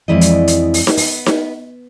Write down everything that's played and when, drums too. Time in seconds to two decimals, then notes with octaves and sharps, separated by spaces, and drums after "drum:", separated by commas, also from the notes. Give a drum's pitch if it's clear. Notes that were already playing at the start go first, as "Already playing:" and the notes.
0.08 F2 E3 G#3 E4 D5 D#5
0.21 drum: hi-hat
0.48 drum: hi-hat
0.74 drum: open hi-hat
0.87 drum: snare D#4
0.97 B3, drum: open hi-hat
1.26 drum: snare D#4